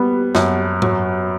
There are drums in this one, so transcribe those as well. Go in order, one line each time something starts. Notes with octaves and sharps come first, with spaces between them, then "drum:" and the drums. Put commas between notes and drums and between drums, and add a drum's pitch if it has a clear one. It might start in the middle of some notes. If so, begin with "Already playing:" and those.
Already playing: G3 B3
F#2, drum: snare
F#3, drum: tom G#2